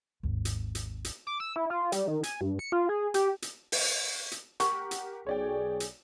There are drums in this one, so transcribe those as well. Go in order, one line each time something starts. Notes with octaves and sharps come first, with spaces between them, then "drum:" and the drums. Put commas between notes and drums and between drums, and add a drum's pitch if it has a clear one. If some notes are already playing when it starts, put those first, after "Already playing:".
G#1 D#2
drum: hi-hat
drum: hi-hat
drum: hi-hat
D6
E6
E4
F4
G3, drum: hi-hat
D#3
G#5, drum: hi-hat
G2
C#7
F4
G#4
G4, drum: hi-hat
drum: hi-hat
drum: open hi-hat
drum: hi-hat
G4 A#4 F#5 C#6, drum: hi-hat
drum: hi-hat
B1 G#4 C#5 D5 G5
drum: hi-hat